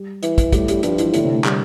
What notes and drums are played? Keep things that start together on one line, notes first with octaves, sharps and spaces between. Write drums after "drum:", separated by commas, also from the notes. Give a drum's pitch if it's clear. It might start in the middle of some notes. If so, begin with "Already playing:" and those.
Already playing: G3 G4
E3, drum: hi-hat
drum: kick, hi-hat
A2 G3 G4, drum: kick, hi-hat
G3 G4, drum: hi-hat
G2 F3 F4, drum: hi-hat
E3 E4, drum: hi-hat
A2 D3 D4, drum: hi-hat
C3 C4
A#2 A#3
G3, drum: clap